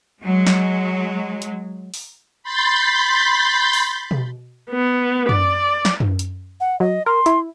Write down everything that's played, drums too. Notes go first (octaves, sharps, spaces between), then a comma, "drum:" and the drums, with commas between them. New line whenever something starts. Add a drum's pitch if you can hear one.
F#3 G#3
drum: snare
drum: hi-hat
drum: open hi-hat
B5 C6 G6 A6 B6
drum: open hi-hat
drum: tom B2
B3
D5, drum: tom F#2
drum: snare
drum: tom F#2
drum: hi-hat
F#5
F#3 D#5
A#4 C6
E4, drum: hi-hat